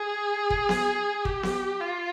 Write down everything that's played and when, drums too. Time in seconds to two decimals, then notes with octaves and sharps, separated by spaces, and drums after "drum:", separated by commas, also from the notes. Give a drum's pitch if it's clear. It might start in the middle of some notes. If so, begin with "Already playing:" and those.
Already playing: G#4
0.50 drum: kick
0.69 drum: snare B3
1.25 G4, drum: kick
1.43 drum: snare B3
1.80 F4